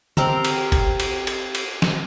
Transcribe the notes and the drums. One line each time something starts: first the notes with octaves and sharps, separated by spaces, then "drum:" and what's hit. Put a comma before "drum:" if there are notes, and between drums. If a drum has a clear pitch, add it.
C4 G4 A#4, drum: tom D3
drum: cymbal
drum: kick G1, cymbal
drum: cymbal
drum: cymbal
drum: cymbal
drum: snare